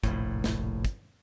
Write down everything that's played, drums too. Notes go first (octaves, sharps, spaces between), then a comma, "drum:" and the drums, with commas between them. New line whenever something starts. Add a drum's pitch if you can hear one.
F1 A#1 A2, drum: kick, hi-hat
drum: snare
drum: kick, hi-hat